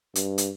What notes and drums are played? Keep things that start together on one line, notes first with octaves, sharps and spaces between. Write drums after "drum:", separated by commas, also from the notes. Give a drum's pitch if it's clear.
G2, drum: hi-hat
drum: hi-hat